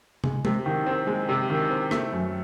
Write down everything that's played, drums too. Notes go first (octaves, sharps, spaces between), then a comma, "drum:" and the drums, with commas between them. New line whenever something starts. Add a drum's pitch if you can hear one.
G#3, drum: tom
C3, drum: tom
D#3
C4
G#3
C3
D#3
C4
A3, drum: rim click
F#2